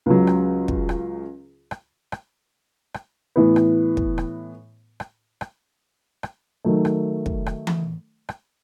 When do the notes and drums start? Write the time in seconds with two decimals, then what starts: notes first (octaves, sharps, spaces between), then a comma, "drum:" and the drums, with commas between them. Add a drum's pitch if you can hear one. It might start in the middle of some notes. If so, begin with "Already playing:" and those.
0.06 C#2 C#3 F#3
0.27 drum: rim click
0.68 drum: kick
0.89 drum: rim click
1.71 drum: rim click
2.12 drum: rim click
2.94 drum: rim click
3.36 A2 E3 B3
3.56 drum: rim click
3.97 drum: kick
4.18 drum: rim click
5.00 drum: rim click
5.41 drum: rim click
6.23 drum: rim click
6.65 D#3 F#3 A3
6.85 drum: rim click
7.26 drum: kick
7.46 drum: rim click
7.67 drum: tom E3
8.29 drum: rim click